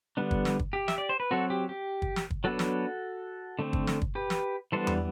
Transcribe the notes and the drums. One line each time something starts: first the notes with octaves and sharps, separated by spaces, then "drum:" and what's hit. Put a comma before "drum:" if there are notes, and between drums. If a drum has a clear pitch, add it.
D3 G3 B3 D4
drum: kick
drum: snare
drum: kick
G4
E5, drum: snare
D5
C5
B4
F#3 C4 F#4 A4
G4
G4
drum: kick
drum: snare
drum: kick
F#3 B3 D4 F#4 A4
drum: snare
D3 A3 C4
drum: kick
drum: snare
drum: kick
G4 B4
drum: snare
E3 G3 B3 D4 A4 C5
drum: tom E2